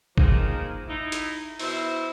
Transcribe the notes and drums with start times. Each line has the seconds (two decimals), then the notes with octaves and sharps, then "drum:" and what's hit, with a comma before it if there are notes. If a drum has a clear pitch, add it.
0.18 D#3 F3 G#3 A#3, drum: kick
0.88 D#4 E4
1.12 drum: hi-hat
1.60 B2 E4 C5, drum: open hi-hat